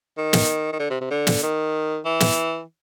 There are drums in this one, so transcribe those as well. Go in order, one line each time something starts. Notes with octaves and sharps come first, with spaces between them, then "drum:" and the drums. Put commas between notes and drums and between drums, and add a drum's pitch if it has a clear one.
D#3
drum: snare
D#3
D3
C3
C3
D3
drum: snare
D#3
E3
drum: snare